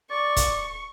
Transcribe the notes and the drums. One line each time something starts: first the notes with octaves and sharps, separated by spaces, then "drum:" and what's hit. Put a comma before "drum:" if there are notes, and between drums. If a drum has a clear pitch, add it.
D5 C#6
drum: kick, hi-hat